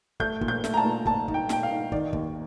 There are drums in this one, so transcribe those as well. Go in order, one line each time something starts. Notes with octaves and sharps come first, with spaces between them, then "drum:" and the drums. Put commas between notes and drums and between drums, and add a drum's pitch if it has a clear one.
A3 G6, drum: kick
A#2, drum: kick
G6
A3, drum: snare
A#5
A5
A#2
A#2 A5, drum: kick
D#4, drum: kick
G5
A#2 G5, drum: snare
F5
D#4
D#3 D5, drum: kick
D#2, drum: kick